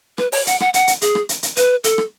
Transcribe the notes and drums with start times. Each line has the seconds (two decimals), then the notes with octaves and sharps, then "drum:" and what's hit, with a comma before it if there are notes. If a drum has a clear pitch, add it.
0.18 B4, drum: rim click
0.32 C#5, drum: open hi-hat
0.47 F#5, drum: hi-hat
0.60 F#5, drum: rim click
0.74 F#5, drum: hi-hat
0.87 drum: hi-hat
1.01 G#4, drum: hi-hat
1.15 drum: rim click
1.29 drum: hi-hat
1.43 drum: hi-hat
1.57 B4, drum: hi-hat
1.84 A4, drum: hi-hat
1.98 drum: rim click